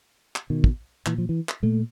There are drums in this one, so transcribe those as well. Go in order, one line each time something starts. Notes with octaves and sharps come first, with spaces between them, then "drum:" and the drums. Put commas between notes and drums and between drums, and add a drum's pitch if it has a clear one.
drum: clap
B2 D#3
drum: kick
A#2 E3, drum: clap
F3
E3
drum: clap
A#2 A3